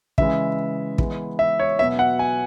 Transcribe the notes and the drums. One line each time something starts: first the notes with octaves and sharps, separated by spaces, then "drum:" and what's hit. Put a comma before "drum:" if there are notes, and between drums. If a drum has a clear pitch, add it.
C#3 E3 G#3 E5, drum: kick
E3 G#3 B3, drum: kick
E5
C#5
B2 F#3 B3 E5
F#5
G#5